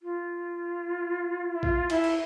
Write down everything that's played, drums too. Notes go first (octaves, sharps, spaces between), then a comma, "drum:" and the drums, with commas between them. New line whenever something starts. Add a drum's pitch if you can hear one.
F4
E4
F4, drum: kick A#1
E4, drum: cymbal
drum: cymbal